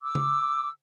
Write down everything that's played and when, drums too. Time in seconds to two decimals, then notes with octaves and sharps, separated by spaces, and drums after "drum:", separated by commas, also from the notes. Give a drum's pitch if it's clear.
0.02 D6 E6
0.15 drum: tom C#3